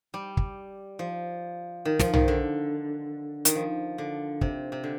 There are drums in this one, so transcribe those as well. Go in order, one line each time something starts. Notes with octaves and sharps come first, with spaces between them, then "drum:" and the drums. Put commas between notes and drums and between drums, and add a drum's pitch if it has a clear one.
G3
drum: kick
F3
D#3
F3, drum: snare
D#3, drum: tom
D3
D#3, drum: hi-hat
F3
D3
C3, drum: kick
C3
D3